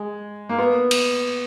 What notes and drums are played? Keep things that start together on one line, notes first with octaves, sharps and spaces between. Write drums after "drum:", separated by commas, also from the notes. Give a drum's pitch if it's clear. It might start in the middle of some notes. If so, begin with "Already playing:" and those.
Already playing: G#3
A#3
B3
drum: cymbal